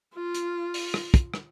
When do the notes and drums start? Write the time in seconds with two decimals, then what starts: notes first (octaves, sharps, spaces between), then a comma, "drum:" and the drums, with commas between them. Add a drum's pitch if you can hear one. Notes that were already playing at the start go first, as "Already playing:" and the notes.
0.15 F4
0.34 drum: hi-hat
0.74 drum: open hi-hat
0.94 drum: rim click
1.14 drum: kick, hi-hat
1.34 drum: rim click